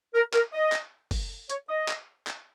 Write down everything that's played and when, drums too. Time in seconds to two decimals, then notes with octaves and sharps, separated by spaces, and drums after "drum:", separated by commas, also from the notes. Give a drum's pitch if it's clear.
0.14 A#4
0.33 A#4, drum: clap
0.53 D#5
0.72 drum: clap
1.11 drum: kick, open hi-hat
1.49 C#5, drum: hi-hat
1.68 D#5
1.88 drum: clap
2.27 drum: clap